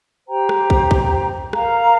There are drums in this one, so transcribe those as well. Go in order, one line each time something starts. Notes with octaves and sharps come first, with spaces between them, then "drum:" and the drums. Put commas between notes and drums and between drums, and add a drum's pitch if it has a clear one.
G4 C5 G5 A#5
drum: rim click
drum: kick
drum: kick
A#4 F5 A#5, drum: rim click